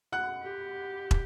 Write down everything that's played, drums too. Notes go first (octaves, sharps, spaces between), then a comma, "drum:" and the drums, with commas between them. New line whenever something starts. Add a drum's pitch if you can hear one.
F#5 F#6
G4
drum: kick